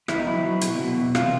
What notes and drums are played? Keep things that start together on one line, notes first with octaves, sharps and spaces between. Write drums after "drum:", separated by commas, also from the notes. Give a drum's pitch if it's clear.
E2 E4, drum: rim click
D#4
F#3 E4
F#3
B2, drum: hi-hat
B2
E2
C3 F4, drum: rim click